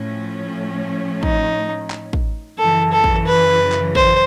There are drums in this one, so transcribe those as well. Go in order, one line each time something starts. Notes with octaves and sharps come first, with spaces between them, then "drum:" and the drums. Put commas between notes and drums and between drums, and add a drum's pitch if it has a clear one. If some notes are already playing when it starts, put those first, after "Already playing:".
Already playing: A2 F3 A3 C#4
D#4, drum: kick
drum: clap
drum: kick
F#2 C#3 E3 A4
A4
drum: kick
B4
drum: clap
C5, drum: kick